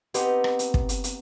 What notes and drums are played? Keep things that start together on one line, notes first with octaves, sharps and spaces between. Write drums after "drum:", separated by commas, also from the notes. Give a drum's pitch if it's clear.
B3 C4 D#4 G4, drum: hi-hat
drum: rim click
drum: hi-hat
drum: kick
drum: hi-hat
drum: hi-hat